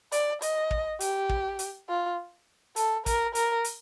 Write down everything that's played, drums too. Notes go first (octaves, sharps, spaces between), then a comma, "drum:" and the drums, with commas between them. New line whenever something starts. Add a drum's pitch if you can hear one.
D5, drum: hi-hat
D#5, drum: hi-hat
drum: kick
G4, drum: hi-hat
drum: kick
drum: hi-hat
F4
A4, drum: hi-hat
A#4, drum: kick, hi-hat
A#4, drum: hi-hat
drum: hi-hat